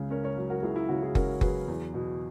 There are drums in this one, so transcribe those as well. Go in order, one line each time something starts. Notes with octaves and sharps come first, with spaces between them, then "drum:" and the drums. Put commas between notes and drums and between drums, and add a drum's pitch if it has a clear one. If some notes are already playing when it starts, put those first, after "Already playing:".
Already playing: C#2 C#3
C#4 A#4 C#5
A#4 C#5
F#3
F#4 A#4
C#2 E4 G#4
E4
C#3 F#4
E4 G#4
C#4 F#4 A#4, drum: kick F#1
F#3 G#4 B4, drum: kick F#1
E2
B2